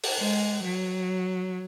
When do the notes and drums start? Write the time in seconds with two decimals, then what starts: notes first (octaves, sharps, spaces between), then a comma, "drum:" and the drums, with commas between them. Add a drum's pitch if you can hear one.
0.04 drum: open hi-hat
0.20 G#3
0.63 F#3